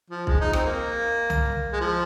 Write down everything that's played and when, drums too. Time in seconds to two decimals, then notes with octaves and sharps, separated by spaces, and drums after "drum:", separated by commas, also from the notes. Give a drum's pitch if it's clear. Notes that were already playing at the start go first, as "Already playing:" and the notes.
0.10 F3
0.27 G#3, drum: kick B1
0.41 D#4
0.53 C4, drum: rim click
0.66 A#3
1.30 drum: tom C2
1.73 G#3
1.81 F3